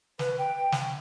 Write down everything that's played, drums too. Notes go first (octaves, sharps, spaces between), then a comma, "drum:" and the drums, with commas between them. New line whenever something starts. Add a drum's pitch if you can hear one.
B4, drum: snare
G5
drum: snare